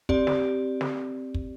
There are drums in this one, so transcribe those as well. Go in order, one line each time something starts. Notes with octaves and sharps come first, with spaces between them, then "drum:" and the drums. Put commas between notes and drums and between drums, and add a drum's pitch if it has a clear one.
C4 G4 D5, drum: kick
drum: snare
drum: snare
drum: kick